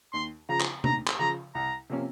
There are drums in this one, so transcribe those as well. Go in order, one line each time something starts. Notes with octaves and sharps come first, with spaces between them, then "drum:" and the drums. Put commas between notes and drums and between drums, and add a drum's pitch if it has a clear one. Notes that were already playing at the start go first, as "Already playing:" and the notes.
D#2 C6
C#3 F3 A#5
drum: clap
D#2 A#5, drum: tom C3
drum: clap
C#3 F3 A#5
C2 A#5
C3 F3 A#3 C#4